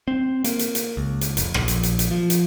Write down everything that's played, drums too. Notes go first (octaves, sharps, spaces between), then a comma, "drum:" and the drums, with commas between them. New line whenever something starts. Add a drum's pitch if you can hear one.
C4
A#3, drum: hi-hat
drum: hi-hat
drum: hi-hat
C#2
drum: hi-hat
F1, drum: hi-hat
A#1, drum: rim click
drum: hi-hat
drum: hi-hat
drum: hi-hat
F3
drum: hi-hat